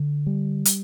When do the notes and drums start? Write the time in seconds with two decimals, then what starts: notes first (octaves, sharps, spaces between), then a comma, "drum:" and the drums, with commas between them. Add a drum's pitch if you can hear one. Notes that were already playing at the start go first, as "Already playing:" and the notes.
Already playing: D3
0.27 G3
0.65 drum: hi-hat